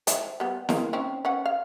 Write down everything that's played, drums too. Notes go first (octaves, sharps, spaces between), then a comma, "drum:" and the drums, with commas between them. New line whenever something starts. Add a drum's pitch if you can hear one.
C5 D#5 E5, drum: hi-hat
G3 B3
G#3 A#3, drum: snare E4
C4 C#4 D#4
C#4 B4 F#5
F5